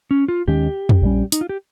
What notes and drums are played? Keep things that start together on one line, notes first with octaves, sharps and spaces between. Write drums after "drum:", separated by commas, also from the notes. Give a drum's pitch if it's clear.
C#4
F4
D#2 D#3 G#3 C#4 G4
drum: tom F2
A#1 A#2 G3 C#4
D#4, drum: hi-hat
F4
G4